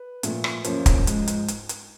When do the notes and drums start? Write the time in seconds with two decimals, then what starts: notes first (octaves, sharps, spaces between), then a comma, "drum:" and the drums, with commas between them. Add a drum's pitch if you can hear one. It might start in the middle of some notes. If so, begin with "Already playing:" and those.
Already playing: B4
0.23 A#2 F3 A3, drum: hi-hat
0.44 drum: rim click
0.64 F#2 C#3 F3 A#3 C#4 C5, drum: hi-hat
0.86 drum: kick, hi-hat
1.07 G#2 F3 G#3, drum: hi-hat
1.27 drum: hi-hat
1.48 drum: hi-hat
1.69 drum: hi-hat